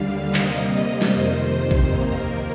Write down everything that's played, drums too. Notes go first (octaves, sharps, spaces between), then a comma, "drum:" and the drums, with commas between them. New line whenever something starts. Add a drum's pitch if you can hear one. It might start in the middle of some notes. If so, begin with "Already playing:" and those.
Already playing: D#2 D3 G3 F5
C3 G3 A#3 D#5, drum: clap
drum: snare
F2 C3 D#3 C5
drum: kick A#1
D#2 D#3 A#3 A#4